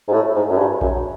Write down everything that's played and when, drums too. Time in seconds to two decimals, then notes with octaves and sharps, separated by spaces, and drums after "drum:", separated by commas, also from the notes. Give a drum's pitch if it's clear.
0.08 G#2
0.13 A2
0.35 G#2
0.50 F#2
0.58 G2
0.81 F#2, drum: kick A#1